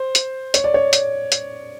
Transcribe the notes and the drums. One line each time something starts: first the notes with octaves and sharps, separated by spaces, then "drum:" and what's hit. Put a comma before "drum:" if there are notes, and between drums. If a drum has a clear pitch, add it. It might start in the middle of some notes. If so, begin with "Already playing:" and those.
Already playing: C5
drum: hi-hat
C#5, drum: hi-hat
D5
C#5
drum: hi-hat
drum: hi-hat